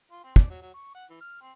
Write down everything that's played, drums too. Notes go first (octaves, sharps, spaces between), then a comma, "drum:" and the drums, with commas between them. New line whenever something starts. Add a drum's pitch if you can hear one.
F4
C4
D5, drum: kick
F#3
F#3
C#6
F#5
E3
F6
C4